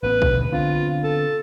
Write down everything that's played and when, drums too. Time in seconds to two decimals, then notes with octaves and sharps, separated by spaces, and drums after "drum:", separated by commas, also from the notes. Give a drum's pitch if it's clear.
0.03 A1 B3 B4
0.22 D2 B2, drum: kick A#1
0.52 D3 B3 C4 F4
1.03 A4